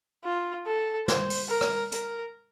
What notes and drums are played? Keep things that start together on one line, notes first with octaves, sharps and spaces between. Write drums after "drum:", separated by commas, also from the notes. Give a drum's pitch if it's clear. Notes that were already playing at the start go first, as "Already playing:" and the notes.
F4
A4
C5, drum: snare
drum: open hi-hat
A#4
drum: rim click
A#4, drum: hi-hat